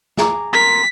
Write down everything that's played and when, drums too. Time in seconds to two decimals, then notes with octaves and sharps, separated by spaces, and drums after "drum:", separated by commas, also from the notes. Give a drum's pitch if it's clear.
0.17 G#4 A#5 D6, drum: snare
0.53 A#4 C6 B6